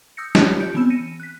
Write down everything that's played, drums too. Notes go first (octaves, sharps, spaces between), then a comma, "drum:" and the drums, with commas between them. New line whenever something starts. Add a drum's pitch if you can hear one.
D#6 E6 G6 A#6 C#7
F4 G4 C#5, drum: snare
G6 C#7 D7
E3 B3 C4 B5 E6 E7
A#6 C#7 D#7
F#6 B6